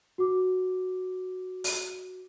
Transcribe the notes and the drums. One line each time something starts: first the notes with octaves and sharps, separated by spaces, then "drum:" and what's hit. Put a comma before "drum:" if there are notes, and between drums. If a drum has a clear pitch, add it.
F#4 D6
drum: open hi-hat